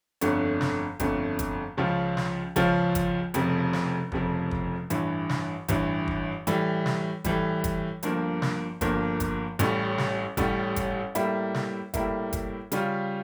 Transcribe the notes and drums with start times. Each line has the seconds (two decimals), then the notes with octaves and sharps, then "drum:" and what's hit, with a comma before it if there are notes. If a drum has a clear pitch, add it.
0.21 G1 F2 D3 A3 C#4, drum: hi-hat
0.61 drum: snare
1.00 G1 F2 D3 A3 C#4, drum: kick, hi-hat
1.39 drum: kick, hi-hat
1.77 C#2 C#3 F3 C#4 F4
2.17 drum: snare
2.56 C#2 C#3 F3 C#4 F4, drum: kick, hi-hat
2.95 drum: kick, hi-hat
3.34 F1 F2 C#3 F3, drum: hi-hat
3.73 drum: snare
4.12 F1 F2 C#3 F3, drum: kick
4.51 drum: kick
4.90 A1 G2 E3, drum: hi-hat
5.29 drum: snare
5.68 A1 G2 E3, drum: kick, hi-hat
6.08 drum: kick
6.47 A2 E3 G3, drum: hi-hat
6.86 drum: snare
7.24 A2 E3 G3, drum: kick, hi-hat
7.64 drum: kick, hi-hat
8.03 G1 G2 F3 A#3, drum: hi-hat
8.42 drum: snare
8.81 G1 G2 F3 A#3, drum: kick, hi-hat
9.20 drum: kick, hi-hat
9.59 A1 A2 G3 C#4, drum: hi-hat
9.98 drum: snare
10.37 A1 A2 G3 C#4, drum: kick, hi-hat
10.76 drum: kick, hi-hat
11.15 A2 G3 A#3 E4, drum: hi-hat
11.54 drum: snare
11.94 A2 G3 A#3 E4, drum: kick, hi-hat
12.33 drum: kick, hi-hat
12.72 C#3 G3 C#4 F4, drum: hi-hat